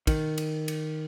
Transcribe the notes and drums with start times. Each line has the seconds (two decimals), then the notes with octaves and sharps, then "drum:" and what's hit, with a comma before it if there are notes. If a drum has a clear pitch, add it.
0.07 D#3, drum: kick, cymbal
0.38 drum: cymbal
0.68 drum: cymbal